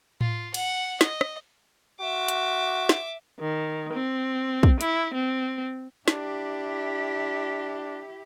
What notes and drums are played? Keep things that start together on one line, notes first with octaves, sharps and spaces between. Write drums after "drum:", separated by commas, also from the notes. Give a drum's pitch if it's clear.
F4, drum: tom A2
F#5, drum: cymbal
D#5, drum: snare
drum: rim click
F#4 E5 D6
drum: hi-hat
drum: snare
D#3
C4
drum: kick
E4, drum: hi-hat
C4
D4 E4 G4, drum: snare